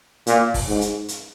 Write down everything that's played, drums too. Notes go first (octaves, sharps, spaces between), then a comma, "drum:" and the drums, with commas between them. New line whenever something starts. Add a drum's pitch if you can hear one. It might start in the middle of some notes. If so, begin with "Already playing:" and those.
A#2, drum: hi-hat
drum: kick, open hi-hat
G#2
drum: hi-hat
drum: hi-hat